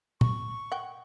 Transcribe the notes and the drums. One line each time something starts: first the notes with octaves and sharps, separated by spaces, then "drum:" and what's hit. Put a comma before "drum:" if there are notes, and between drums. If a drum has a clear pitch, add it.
C#6, drum: tom
F#5 G5